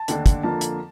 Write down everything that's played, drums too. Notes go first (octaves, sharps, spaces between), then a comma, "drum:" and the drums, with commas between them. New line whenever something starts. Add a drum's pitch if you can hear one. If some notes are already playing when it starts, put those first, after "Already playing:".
Already playing: A5
D#2 D3 A3 D4, drum: hi-hat
drum: kick, hi-hat
F2 D3 F3 A#3 A5
drum: hi-hat